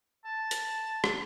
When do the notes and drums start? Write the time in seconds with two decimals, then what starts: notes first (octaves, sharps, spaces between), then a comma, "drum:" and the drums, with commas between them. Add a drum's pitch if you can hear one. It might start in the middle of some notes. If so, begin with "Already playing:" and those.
0.25 A5
0.51 drum: hi-hat
1.04 drum: rim click